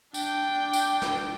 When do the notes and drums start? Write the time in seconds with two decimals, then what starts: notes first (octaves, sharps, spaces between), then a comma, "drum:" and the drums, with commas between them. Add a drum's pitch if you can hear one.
0.14 D4 G5, drum: tambourine
0.73 drum: tambourine
1.02 drum: snare